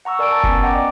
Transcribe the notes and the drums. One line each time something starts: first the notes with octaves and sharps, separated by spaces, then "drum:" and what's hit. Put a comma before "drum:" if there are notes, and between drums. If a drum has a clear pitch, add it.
F#5 A#5 C#6 E6
A#4 D5 G#5 C#6 E6 D7
A5 A#5 A6
B3 C#4 G#5, drum: kick F1
D#5 F#5 G5 A#5 D6
D5